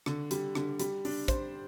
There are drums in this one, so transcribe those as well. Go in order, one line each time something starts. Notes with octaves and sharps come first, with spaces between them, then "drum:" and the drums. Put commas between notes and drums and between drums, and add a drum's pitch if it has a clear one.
D3, drum: rim click
G3, drum: hi-hat
D3, drum: rim click
G3, drum: hi-hat
D4, drum: open hi-hat
C5, drum: kick, hi-hat